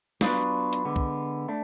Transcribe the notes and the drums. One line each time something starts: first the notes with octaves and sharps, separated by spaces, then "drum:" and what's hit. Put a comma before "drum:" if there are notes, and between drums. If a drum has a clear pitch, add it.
F#3 B3 D4 F4 B4, drum: snare
drum: hi-hat
D3 G#3 B3
drum: kick
A3 D4